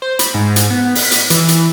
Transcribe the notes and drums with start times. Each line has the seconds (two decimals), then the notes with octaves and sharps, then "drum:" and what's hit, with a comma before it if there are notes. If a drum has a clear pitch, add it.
0.02 C5
0.19 B5, drum: hi-hat
0.34 G#2
0.56 drum: hi-hat
0.70 B3
0.95 B6, drum: open hi-hat
1.11 drum: hi-hat
1.30 E3, drum: hi-hat
1.48 drum: hi-hat